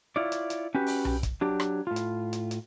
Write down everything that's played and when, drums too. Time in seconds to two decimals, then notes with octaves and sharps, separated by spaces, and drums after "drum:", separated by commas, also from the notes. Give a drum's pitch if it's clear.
0.16 E4 F4 C#5 D5
0.32 drum: hi-hat
0.50 drum: hi-hat
0.75 C#4 F#4 G4 B4
0.87 drum: open hi-hat
1.05 drum: tom B1
1.23 drum: kick, hi-hat
1.41 F#3 D4 G4
1.60 drum: rim click
1.87 A2 F4
1.96 drum: hi-hat
2.33 drum: hi-hat
2.51 drum: hi-hat